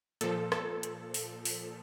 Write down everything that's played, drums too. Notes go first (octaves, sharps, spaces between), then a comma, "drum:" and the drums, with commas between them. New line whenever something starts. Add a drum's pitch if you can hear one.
A#2 F3 A4, drum: hi-hat
A4, drum: rim click
drum: hi-hat
drum: open hi-hat
drum: open hi-hat